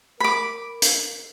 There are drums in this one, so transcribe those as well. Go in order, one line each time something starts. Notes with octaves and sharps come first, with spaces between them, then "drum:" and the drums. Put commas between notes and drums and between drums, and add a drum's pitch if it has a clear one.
A#4 B5 D6
drum: hi-hat